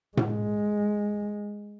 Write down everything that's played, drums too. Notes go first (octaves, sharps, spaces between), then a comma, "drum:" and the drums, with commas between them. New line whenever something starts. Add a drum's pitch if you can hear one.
G#3, drum: tom A2